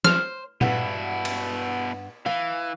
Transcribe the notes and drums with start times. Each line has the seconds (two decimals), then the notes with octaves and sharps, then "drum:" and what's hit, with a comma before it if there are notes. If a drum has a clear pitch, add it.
0.04 C5 F6, drum: snare
0.61 G2 B2 B3 E4 F#5, drum: tom A#2
1.25 drum: cymbal
2.26 E3 F5